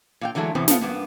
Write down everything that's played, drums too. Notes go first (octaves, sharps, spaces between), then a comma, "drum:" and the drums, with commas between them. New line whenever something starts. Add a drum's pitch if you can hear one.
A#2 F5 G5
D3 E3 F#3 G#3 A3
E2 A2 C3 B3 C4
G#3 A3 B3 C4 F4 F5, drum: snare
G2 A#3 B3